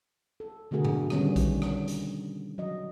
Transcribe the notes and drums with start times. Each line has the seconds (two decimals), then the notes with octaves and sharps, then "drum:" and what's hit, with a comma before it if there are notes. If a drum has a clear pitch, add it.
0.40 A4
0.71 B2 D3 A3 F#4 G#4 A#4
0.85 drum: tom G#2
1.10 D3 D#3 G3 B3 C#4 D4, drum: rim click
1.36 drum: kick A#1, hi-hat
1.62 drum: rim click
1.88 drum: hi-hat
2.58 F#3 D#5